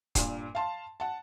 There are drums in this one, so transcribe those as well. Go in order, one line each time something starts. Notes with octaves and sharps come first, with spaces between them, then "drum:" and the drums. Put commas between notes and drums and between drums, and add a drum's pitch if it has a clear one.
G2 A#2, drum: kick, hi-hat
F5 A5 C6
F#5 A5